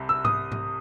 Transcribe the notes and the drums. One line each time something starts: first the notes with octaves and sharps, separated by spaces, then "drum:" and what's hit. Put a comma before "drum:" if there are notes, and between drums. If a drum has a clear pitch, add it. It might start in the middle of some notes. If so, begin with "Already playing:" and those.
Already playing: C2 C3
E6
D#6, drum: tom G#2
drum: tom G#2